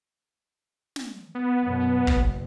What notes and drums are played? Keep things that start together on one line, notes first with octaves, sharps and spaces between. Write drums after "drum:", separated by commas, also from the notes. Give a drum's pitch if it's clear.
drum: snare
B3
F#2 B2
F#1, drum: kick